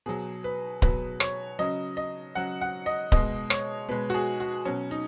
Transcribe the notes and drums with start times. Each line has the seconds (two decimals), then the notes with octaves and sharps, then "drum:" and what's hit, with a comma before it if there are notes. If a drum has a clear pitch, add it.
0.06 B2 F#3 G#4
0.44 B4
0.82 B2 F#3 B4, drum: kick D1
1.20 C#5, drum: rim click
1.59 C#3 F#3 D#5
1.97 D#5
2.35 C#3 F#3 F#5
2.61 F#5
2.86 D#5
3.12 B2 G#3 D#5, drum: kick D1
3.50 C#5, drum: rim click
3.88 B2 G#3 B4
4.10 F#4
4.14 G#4
4.40 F#4
4.65 B2 F#3 C#4
4.91 D#4